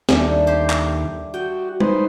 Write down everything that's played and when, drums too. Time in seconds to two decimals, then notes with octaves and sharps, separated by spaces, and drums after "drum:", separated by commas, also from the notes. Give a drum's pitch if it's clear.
0.09 D#2 G3 A3 D4, drum: snare
0.47 G4 C5
0.70 drum: clap
1.34 F#4 G5
1.80 D#4 B4 C5, drum: tom